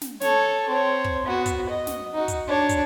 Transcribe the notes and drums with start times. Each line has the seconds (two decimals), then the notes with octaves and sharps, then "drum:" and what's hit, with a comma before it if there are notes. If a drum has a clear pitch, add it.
0.01 drum: snare
0.21 A4 C#5, drum: snare
0.69 C4 C#5
1.04 drum: kick
1.25 B3 F#4
1.46 drum: kick, hi-hat
1.69 D#5
1.87 drum: snare
2.14 D#4 F#4
2.28 drum: kick, hi-hat
2.48 D4 C#5
2.69 drum: kick, hi-hat